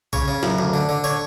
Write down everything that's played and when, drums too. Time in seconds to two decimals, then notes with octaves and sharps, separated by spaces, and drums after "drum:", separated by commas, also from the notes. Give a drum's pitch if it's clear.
0.13 C#3 C#5, drum: kick B1
0.28 C#3
0.43 F#2, drum: snare
0.59 D2
0.74 D3
0.89 D3
1.04 D3 C#5